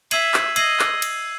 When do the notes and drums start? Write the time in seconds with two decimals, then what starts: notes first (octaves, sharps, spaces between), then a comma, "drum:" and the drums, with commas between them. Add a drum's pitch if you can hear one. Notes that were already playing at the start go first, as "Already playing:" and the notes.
0.11 E5 E6 G#6 C7 D#7 F#7, drum: cymbal
0.34 drum: clap
0.56 D#5 E6 G#6 C7 D#7 F#7, drum: cymbal
0.79 drum: clap
1.02 drum: cymbal